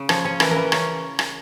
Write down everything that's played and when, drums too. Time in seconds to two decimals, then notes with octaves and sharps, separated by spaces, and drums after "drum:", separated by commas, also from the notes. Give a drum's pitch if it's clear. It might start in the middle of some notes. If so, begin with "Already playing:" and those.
Already playing: C#3
0.09 F3 C#5, drum: rim click
0.25 C#4 C#5
0.40 E3 A#4, drum: rim click
0.51 E3 A#4
0.72 C#4 C#5, drum: rim click
1.19 drum: rim click